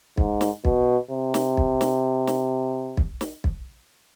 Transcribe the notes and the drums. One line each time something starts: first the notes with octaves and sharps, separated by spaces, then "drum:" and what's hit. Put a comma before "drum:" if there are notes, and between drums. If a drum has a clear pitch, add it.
G#2, drum: kick
drum: snare
B2, drum: kick
C3
drum: snare
drum: kick
drum: snare
drum: snare
drum: kick
drum: snare
drum: kick